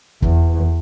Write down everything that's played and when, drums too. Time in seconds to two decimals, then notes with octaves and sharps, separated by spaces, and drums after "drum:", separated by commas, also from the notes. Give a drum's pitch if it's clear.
0.22 E2, drum: kick